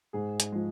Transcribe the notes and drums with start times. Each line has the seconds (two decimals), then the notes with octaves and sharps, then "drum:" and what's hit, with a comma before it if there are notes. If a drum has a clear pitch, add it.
0.13 G#2 G#4
0.40 drum: hi-hat
0.52 F3 G#3